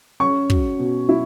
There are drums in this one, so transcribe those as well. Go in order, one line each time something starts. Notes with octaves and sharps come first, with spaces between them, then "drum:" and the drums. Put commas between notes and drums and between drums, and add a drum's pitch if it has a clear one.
C#4 C#6
F#3, drum: kick
B2
E4